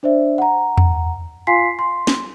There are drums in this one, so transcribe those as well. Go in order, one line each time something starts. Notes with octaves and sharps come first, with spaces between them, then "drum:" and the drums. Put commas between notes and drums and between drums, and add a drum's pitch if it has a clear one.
D4 C5 D5 E5
F#5 A#5
drum: tom E2
F4 F5 G#5 C6 B6 C7
C6
drum: snare